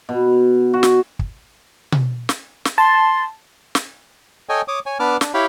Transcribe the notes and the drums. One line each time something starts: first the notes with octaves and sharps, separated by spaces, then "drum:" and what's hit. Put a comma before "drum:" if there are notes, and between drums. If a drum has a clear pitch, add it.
B2
F#4
drum: snare
drum: kick
drum: tom B2
drum: snare
drum: snare
A5 C6
drum: snare
A4 C#5 D#5 G5 G#5
C#5 D6 D#6
C#5 G#5
B3 D4 B4 A5 D6 F6
D4, drum: snare
E4 G4 C#5 F5 G5 B5